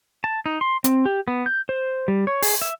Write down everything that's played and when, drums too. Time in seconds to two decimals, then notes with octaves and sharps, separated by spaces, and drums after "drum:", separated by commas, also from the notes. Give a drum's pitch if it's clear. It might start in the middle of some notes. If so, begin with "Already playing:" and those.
0.24 A5
0.46 D#4
0.61 C6
0.84 C4, drum: hi-hat
1.06 G4
1.28 B3
1.46 G6
1.69 C5
2.08 G3
2.27 C#5
2.42 G#4, drum: open hi-hat
2.62 E5